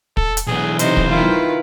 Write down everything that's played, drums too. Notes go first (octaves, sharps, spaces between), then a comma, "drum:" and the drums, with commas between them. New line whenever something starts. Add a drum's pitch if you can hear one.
A4, drum: kick
drum: hi-hat
B1 E3 G#4
C3 D#4 C5, drum: hi-hat
drum: kick
D#3 E4 F4 B4 F5